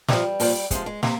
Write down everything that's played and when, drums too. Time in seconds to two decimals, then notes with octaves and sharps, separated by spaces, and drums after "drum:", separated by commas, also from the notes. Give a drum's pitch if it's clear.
0.08 C3 F3 G3, drum: snare
0.40 A#2 F3, drum: open hi-hat
0.71 C3 F3 G#3, drum: kick, hi-hat
0.86 G#3
1.03 C3 A#3, drum: snare